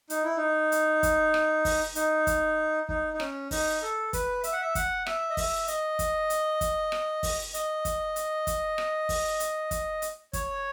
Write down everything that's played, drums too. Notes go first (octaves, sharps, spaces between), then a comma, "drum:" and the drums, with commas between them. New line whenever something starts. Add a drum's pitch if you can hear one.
D#4, drum: hi-hat
E4
D#4
drum: hi-hat
drum: kick, hi-hat
drum: rim click
drum: kick, open hi-hat
D#4, drum: hi-hat
drum: kick, hi-hat
D#4, drum: kick
D#4
C#4, drum: rim click
D#4, drum: kick, open hi-hat
A4
B4, drum: kick, hi-hat
E5, drum: hi-hat
F#5
E5
F#5, drum: kick, hi-hat
E5, drum: rim click
D#5
E5, drum: kick, open hi-hat
D#5, drum: hi-hat
drum: kick, hi-hat
drum: hi-hat
drum: kick, hi-hat
drum: rim click
drum: kick, open hi-hat
D#5, drum: hi-hat
drum: kick, hi-hat
drum: hi-hat
drum: kick, hi-hat
drum: rim click
drum: kick, open hi-hat
drum: hi-hat
drum: kick, hi-hat
drum: hi-hat
C#5, drum: kick, hi-hat